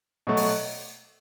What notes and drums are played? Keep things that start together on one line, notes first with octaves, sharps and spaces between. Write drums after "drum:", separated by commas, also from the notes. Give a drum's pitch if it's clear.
B2 F#3 A3
drum: open hi-hat